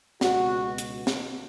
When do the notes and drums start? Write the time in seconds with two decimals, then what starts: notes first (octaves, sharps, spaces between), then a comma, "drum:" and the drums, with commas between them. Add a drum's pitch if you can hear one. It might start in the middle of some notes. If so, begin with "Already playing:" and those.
0.21 C#2 B2 F#4, drum: snare
0.78 drum: hi-hat
1.07 drum: snare